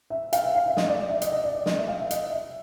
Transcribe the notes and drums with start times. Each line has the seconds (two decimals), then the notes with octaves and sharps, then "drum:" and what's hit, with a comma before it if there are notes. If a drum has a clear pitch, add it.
0.10 E5
0.33 F5, drum: hi-hat
0.44 E5
0.55 F5
0.66 E5
0.77 D#5, drum: snare
0.88 D5
0.99 D5
1.10 E5
1.22 D#5, drum: hi-hat
1.32 D#5
1.44 D5
1.55 D5
1.66 D#5, drum: snare
1.77 E5
1.88 F5
1.99 E5
2.11 D#5, drum: hi-hat
2.32 E5